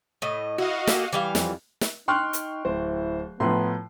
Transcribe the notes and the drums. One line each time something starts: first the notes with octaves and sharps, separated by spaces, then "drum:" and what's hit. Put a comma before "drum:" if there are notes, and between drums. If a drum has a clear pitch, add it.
A2 D#5
E4 F#4 D#5 F5
A#3 G4 A4, drum: snare
E3 G3 F5
F2, drum: snare
drum: snare
D#4 G5 C6 C#6 F6 F#6
drum: hi-hat
D1 E4 C5
A2 F3 B3 B4 A#5 C6